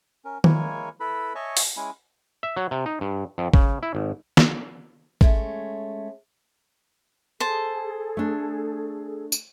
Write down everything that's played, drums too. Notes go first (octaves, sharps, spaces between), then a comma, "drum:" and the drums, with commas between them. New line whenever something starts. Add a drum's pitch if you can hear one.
C#4 A#4
G#3 A#3 E4 A#4 C#5 G#5, drum: tom D#3
E4 A4 B4 B5
C#5 D#5 E5 G#5 A5 C#6
drum: open hi-hat
G#3 C#4 E4 G#5
E5
F#3
C3
D#4
G2
F2
C#3, drum: kick
E4
G#1
drum: snare
G#3 A3 C#4, drum: kick
G#4 A4 C5 A5
A3 D4
drum: tambourine